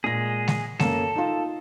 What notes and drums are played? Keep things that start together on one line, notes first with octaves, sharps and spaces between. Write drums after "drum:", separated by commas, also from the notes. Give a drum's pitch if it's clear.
A#2 G#3 G#4 A#6
drum: snare G#3
F#2 A#3 A4, drum: snare G#3
D#4 F4